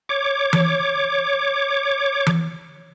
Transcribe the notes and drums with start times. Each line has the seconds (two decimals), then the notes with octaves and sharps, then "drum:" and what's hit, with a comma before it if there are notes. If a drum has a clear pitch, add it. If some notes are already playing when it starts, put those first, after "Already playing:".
0.09 C#5 D6
0.53 drum: tom E3
2.27 drum: tom E3